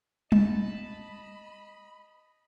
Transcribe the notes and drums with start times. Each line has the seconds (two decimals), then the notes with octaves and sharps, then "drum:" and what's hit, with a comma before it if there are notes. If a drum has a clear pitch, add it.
0.32 D#5 A5 B5, drum: tom G3